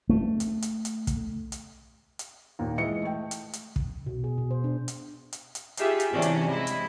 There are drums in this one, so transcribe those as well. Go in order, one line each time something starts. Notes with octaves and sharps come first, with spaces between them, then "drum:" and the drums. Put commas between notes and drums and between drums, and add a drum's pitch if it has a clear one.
A3
drum: hi-hat
drum: hi-hat
drum: hi-hat
drum: kick, hi-hat
drum: hi-hat
drum: hi-hat
D#2 A#2
E3 G#3 D#5 E5 C#7
A3 G5
drum: hi-hat
drum: hi-hat
drum: kick
B2
G#4
B2
C5
D4
drum: hi-hat
drum: hi-hat
drum: hi-hat
D#4 F4 G4 G#4 E5, drum: hi-hat
drum: hi-hat
G#2 C3 E3 C#4 D4
drum: hi-hat
G#3 E4 D#5
drum: hi-hat